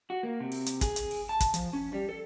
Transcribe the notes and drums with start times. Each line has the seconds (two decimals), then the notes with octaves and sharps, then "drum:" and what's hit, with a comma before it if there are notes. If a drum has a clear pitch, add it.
0.10 F#4
0.23 A#3
0.40 C3
0.52 drum: open hi-hat
0.66 drum: hi-hat
0.81 G#4, drum: kick, hi-hat
0.96 drum: hi-hat
1.11 drum: open hi-hat
1.29 A5
1.40 drum: kick, hi-hat
1.54 F3, drum: hi-hat
1.73 C#4
1.93 G3
2.09 A4